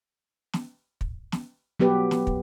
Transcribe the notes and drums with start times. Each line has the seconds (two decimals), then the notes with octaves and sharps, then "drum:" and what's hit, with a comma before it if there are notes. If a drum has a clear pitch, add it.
0.53 drum: snare
1.01 drum: kick
1.32 drum: snare
1.80 F#3 B3 G4 B4
2.11 drum: snare
2.27 drum: kick